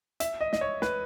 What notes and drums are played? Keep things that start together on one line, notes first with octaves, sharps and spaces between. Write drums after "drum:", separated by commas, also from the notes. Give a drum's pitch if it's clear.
E5, drum: hi-hat
D#5
D#5, drum: snare
C#5
B4, drum: snare